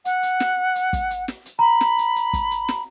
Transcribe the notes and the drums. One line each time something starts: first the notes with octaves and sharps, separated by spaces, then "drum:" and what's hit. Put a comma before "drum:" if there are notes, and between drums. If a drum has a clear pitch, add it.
F#5, drum: hi-hat
drum: hi-hat
drum: snare
drum: hi-hat
drum: kick, hi-hat
drum: hi-hat
drum: snare
drum: hi-hat
A#5 B5
drum: snare
drum: hi-hat
drum: hi-hat
drum: kick, hi-hat
drum: hi-hat
drum: snare